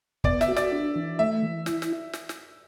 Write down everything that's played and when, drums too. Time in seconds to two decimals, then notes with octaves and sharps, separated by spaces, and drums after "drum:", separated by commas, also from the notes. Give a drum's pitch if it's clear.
0.24 B3 D5, drum: kick
0.41 E5, drum: snare
0.48 F#4
0.56 D5, drum: snare
0.72 D4
0.96 E3
1.19 A3 E5
1.43 E3
1.66 E4, drum: snare
1.82 drum: snare
2.13 drum: snare
2.29 drum: snare